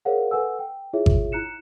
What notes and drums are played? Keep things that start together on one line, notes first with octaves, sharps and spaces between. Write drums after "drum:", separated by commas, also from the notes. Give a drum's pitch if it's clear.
G#4 A#4 C5 C#5 F5 F#5
A4 B4 F#5 G#5 E6
G5
E4 F4 G#4 C#5 E5
drum: kick G#1
E4 A#5 F#6 C#7 E7